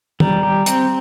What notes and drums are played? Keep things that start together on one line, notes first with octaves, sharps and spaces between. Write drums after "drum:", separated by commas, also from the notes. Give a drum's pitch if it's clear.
G3 A#5, drum: tom
G4
C4, drum: hi-hat